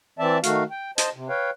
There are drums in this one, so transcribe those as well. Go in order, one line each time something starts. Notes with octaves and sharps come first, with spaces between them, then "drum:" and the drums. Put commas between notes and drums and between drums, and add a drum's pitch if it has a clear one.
E3 C4 D5 E5 A5
D#3 A3 F#4 F5, drum: hi-hat
G5
C5 D#5 A5, drum: hi-hat
C3
B4 C#5 F5 G5